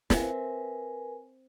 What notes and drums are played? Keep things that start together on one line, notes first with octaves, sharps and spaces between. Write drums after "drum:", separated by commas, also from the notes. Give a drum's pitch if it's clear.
C4 A#4 B4 E5 G#5, drum: snare